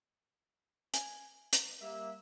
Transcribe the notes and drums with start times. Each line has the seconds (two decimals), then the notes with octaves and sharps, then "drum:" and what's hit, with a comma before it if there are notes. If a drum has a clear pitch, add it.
0.94 G#5, drum: hi-hat
1.53 drum: hi-hat
1.80 G3 A#3 E5